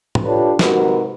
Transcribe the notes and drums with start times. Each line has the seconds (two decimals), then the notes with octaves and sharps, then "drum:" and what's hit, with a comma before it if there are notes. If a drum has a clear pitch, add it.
0.15 drum: tom
0.24 D4 F4 G4 A4 B4 C#5
0.59 G#2 C3 F#4 A#4 B4, drum: snare